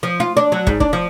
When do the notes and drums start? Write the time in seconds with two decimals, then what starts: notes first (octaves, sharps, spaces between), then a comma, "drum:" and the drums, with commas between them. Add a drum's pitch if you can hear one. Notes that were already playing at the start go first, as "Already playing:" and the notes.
0.03 F3
0.20 F4
0.37 D4
0.52 F#3
0.67 G#2, drum: kick
0.80 D4, drum: kick
0.93 F3